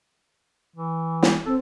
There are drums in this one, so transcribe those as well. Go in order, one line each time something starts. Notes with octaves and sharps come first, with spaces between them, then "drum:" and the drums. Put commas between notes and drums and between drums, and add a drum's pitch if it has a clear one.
E3
drum: snare
C4 A4